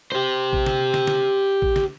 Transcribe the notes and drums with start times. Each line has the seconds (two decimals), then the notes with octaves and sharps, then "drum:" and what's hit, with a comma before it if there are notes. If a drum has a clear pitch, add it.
0.12 G4 C5
0.53 drum: kick A1
0.66 drum: snare
0.94 drum: snare
1.07 drum: snare
1.62 drum: kick A1
1.76 drum: snare